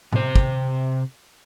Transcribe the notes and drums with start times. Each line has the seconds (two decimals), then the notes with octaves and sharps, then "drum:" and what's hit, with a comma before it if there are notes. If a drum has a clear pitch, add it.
0.13 C3 C5, drum: tom A2
0.36 drum: kick